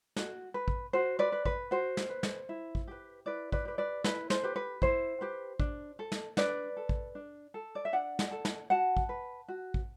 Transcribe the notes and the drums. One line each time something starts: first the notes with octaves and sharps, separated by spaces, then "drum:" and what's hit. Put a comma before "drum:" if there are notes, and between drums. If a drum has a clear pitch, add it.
F#4, drum: snare
B4
drum: kick
F#4 C5
B4 D5
B4
B4, drum: kick
F#4 C5
drum: snare
B4
drum: snare
E4
drum: kick
G4 B4
E4 B4 D5
B4 D5, drum: kick
G4 B4
B4 D5
E4 B4, drum: snare
C5, drum: snare
G4 B4
B4
E4 C5, drum: kick
G4 B4
D4, drum: kick
A4
drum: snare
D4 B4 D5, drum: snare
A4
drum: kick
D4
A4
D5
E5
D4 D5 F#5
drum: snare
A4
drum: snare
F#4 F#5 A5
drum: kick
B4
F#4
drum: kick